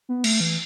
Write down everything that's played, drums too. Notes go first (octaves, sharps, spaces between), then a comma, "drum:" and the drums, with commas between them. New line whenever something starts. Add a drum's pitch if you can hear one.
B3
A3, drum: cymbal
E3